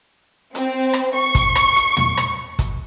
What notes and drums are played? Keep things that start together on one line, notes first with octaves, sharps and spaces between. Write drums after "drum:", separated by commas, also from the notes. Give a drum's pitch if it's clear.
C4, drum: hi-hat
drum: rim click
C#6
drum: kick, hi-hat
drum: rim click
drum: hi-hat
drum: tom
drum: rim click
drum: kick, hi-hat